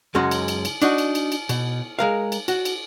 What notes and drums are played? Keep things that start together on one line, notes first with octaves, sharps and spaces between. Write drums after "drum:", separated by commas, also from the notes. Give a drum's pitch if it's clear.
C#2 F#2 G#3 C#4 F#4 C6
drum: cymbal
drum: cymbal
drum: cymbal
D4 D#4 F#4, drum: cymbal
drum: cymbal
drum: cymbal
drum: cymbal
B2, drum: cymbal
G#3 A#4 F5
drum: cymbal
F#4, drum: cymbal
drum: cymbal